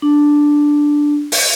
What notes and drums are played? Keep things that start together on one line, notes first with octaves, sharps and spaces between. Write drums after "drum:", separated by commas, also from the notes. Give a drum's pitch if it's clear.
D4
drum: open hi-hat